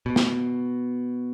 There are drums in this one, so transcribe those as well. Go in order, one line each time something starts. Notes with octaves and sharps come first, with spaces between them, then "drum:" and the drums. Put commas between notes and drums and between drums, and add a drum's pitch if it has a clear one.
B2
drum: snare